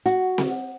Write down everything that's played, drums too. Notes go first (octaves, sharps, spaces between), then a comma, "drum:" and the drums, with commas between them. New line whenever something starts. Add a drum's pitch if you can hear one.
F#4, drum: hi-hat
drum: snare C4